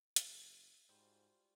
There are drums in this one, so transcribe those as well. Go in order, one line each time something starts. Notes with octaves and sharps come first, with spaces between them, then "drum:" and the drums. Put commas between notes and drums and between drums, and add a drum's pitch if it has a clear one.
F#1, drum: hi-hat
G#2 G3 F4 F#4 C5